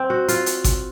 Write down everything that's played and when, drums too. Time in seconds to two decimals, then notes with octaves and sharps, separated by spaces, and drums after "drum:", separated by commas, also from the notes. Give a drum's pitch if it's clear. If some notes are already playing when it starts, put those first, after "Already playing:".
Already playing: C4
0.10 F#4
0.28 F4, drum: hi-hat
0.46 drum: hi-hat
0.64 drum: kick G#1, hi-hat